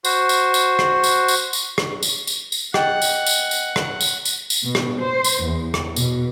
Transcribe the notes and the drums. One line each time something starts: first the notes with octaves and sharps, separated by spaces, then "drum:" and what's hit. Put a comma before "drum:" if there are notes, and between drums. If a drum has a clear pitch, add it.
F#4 C5, drum: tambourine
drum: tambourine
drum: tambourine
drum: rim click
drum: tambourine
drum: tambourine
drum: tambourine
drum: rim click
drum: tambourine
drum: tambourine
drum: tambourine
D#5 F#5 G5, drum: rim click
drum: tambourine
drum: tambourine
drum: tambourine
drum: rim click
drum: tambourine
drum: tambourine
drum: tambourine
B2
drum: rim click
C5
drum: tambourine
E2
drum: rim click
B2, drum: tambourine